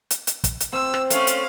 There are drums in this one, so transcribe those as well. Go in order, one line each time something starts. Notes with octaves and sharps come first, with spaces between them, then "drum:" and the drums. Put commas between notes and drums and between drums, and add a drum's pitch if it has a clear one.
drum: hi-hat
drum: hi-hat
drum: kick, hi-hat
drum: hi-hat
C4 E6
drum: rim click
A3 C#4 F5, drum: hi-hat
drum: hi-hat